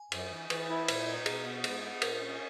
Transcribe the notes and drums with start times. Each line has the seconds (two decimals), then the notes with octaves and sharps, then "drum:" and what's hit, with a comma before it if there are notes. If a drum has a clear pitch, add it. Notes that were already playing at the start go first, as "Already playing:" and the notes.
Already playing: G#5
0.12 F#2, drum: cymbal
0.31 E3
0.50 E3 B4, drum: cymbal
0.69 E4
0.88 A#2, drum: cymbal
1.07 D#4
1.26 B2 G#4, drum: cymbal
1.45 B3
1.64 G#2, drum: cymbal
1.83 B3
2.02 A#2 A#4, drum: cymbal
2.21 C#4